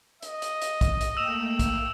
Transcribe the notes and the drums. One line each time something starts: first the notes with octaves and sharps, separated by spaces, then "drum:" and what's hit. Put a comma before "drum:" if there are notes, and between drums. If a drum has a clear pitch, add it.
D#5, drum: hi-hat
drum: hi-hat
drum: hi-hat
drum: kick, hi-hat
drum: hi-hat
A3 A#3 G5 E6 E7 F7
drum: kick, hi-hat